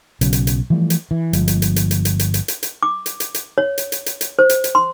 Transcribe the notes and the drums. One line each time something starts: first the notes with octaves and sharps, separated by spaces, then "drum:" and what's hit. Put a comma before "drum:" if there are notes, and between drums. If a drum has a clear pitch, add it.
B1 C#3 F#3, drum: hi-hat
drum: hi-hat
drum: hi-hat
E3 F3 G3 A3
drum: hi-hat
E3
G1 F3 G#3, drum: hi-hat
drum: hi-hat
drum: hi-hat
drum: hi-hat
drum: hi-hat
drum: hi-hat
drum: hi-hat
drum: hi-hat
drum: hi-hat
drum: hi-hat
D6
drum: hi-hat
drum: hi-hat
drum: hi-hat
C#5
drum: hi-hat
drum: hi-hat
drum: hi-hat
drum: hi-hat
C5
drum: hi-hat
drum: hi-hat
C6